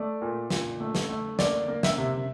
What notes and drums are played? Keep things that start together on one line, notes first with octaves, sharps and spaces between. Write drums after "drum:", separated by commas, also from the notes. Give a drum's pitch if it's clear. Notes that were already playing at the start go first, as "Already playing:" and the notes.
Already playing: A3 D5
A#2
A#2, drum: snare
A3
drum: snare
A3
A#3 D5, drum: snare
A#3
E5, drum: snare
C3